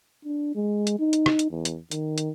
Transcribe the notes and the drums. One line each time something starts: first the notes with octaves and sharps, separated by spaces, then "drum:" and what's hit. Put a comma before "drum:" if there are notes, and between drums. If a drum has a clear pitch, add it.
D4
G#3
drum: hi-hat
D#4
drum: hi-hat
drum: rim click
drum: hi-hat
E2
drum: hi-hat
D#3, drum: hi-hat
drum: hi-hat